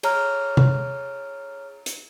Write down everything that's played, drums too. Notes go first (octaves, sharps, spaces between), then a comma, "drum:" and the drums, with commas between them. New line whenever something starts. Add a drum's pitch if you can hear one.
G#4 C#5 A#5 F6, drum: cymbal
drum: tom C3
drum: hi-hat